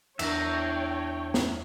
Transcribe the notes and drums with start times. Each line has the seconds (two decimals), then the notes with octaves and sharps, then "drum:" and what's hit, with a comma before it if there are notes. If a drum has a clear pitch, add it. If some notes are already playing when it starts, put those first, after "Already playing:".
0.19 E2 D4 A#4 C#5 E5 G5 A#5, drum: cymbal
1.34 drum: snare